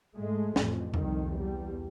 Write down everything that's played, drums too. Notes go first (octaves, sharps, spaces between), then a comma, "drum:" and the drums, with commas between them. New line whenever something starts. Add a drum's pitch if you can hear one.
G#2 G#3 A3
A1 F2, drum: snare
C2 F2 D#3, drum: tom E2
E2 G3